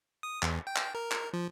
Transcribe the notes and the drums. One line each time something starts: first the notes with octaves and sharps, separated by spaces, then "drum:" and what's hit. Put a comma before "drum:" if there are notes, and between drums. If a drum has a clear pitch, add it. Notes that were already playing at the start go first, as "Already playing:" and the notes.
D#6
E2, drum: clap
G5
drum: clap
A#4
drum: clap
F3